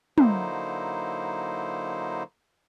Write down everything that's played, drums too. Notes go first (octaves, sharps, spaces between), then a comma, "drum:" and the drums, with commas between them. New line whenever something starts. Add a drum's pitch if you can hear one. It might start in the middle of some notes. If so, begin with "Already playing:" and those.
D3 F#3 A#3 D#4 E4 C5, drum: tom